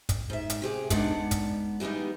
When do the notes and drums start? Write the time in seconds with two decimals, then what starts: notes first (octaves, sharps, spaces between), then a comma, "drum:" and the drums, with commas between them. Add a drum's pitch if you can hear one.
0.09 drum: kick, hi-hat
0.30 G#2 E5
0.50 drum: hi-hat
0.62 C3 G4 G#4
0.90 G#3 B3 D4 D#4 D5 F#5, drum: kick, hi-hat
1.31 drum: kick, hi-hat
1.80 E3 G3 G#3 B3 D#4